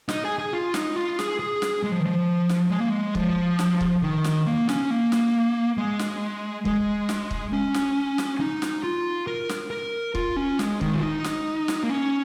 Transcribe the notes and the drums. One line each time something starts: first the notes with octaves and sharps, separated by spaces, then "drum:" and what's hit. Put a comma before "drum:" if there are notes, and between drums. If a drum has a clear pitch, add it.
D#4, drum: snare
G#4
G#4
F4
D#4, drum: snare
F4
G#4, drum: snare
G#4
drum: snare
G#3
F3
D#3
F3
drum: snare
G#3
A#3
G#3
F3, drum: kick
drum: snare
drum: kick
D#3
drum: snare
A#3
C#4, drum: snare
A#3
drum: snare
G#3
drum: snare
G#3, drum: kick
drum: snare
drum: kick
C#4
drum: snare
drum: snare
D#4
drum: snare
F4
A#4
drum: snare
A#4
F4, drum: kick
C#4
G#3, drum: snare
D#3, drum: kick
F4
D#4
drum: snare
drum: snare
A#3
C#4